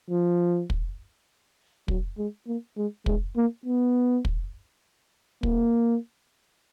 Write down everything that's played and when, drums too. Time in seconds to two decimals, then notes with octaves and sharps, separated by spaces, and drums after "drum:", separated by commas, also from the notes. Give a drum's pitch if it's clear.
0.10 F3
0.70 drum: kick
1.88 F#3, drum: kick
2.18 G#3
2.47 A#3
2.77 G#3
3.06 G#3, drum: kick
3.37 A#3
3.66 B3
4.25 drum: kick
5.43 A#3, drum: kick